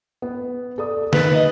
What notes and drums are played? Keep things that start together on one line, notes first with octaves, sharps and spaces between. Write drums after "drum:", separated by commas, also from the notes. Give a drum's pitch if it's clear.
B3
A4 D5 D#6
D#3 A#4 B4 A6, drum: snare
D#5